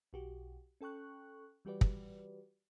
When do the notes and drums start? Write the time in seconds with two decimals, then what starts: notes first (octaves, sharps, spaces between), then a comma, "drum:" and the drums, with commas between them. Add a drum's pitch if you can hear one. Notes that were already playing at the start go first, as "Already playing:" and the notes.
0.13 B1 F#4 G4
0.81 C#4 A4 G5 C#6 F#6
1.65 E3 G3 F#4 G4 B4 D5
1.81 drum: kick